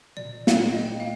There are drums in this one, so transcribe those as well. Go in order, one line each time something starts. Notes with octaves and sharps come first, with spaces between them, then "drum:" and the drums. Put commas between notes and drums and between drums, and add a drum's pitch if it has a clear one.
A#2 D5
drum: snare
D#5
G5
F5